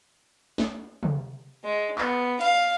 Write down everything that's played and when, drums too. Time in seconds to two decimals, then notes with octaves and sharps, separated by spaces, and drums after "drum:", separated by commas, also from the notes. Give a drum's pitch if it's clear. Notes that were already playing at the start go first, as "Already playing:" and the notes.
0.58 drum: snare
1.03 drum: tom
1.64 G#3
1.98 B3, drum: clap
2.41 F5, drum: hi-hat